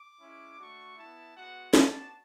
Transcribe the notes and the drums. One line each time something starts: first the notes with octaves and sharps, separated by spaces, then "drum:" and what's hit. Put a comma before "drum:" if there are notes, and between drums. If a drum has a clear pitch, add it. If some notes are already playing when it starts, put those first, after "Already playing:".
Already playing: D6
G#3 C#4 E4
A3 D4 F#4 C#6
B3 E4 A5
G#3 B3 F#4 F#5
B3 D4 F#4 A5, drum: snare